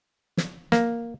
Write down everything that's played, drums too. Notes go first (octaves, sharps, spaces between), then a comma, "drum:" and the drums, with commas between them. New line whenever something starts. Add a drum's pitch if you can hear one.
drum: snare
A#3, drum: snare